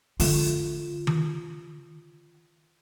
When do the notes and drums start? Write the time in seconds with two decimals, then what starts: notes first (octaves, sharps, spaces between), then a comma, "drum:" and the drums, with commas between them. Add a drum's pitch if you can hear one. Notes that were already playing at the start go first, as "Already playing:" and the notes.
0.20 D3 F4, drum: open hi-hat
1.07 drum: tom D#3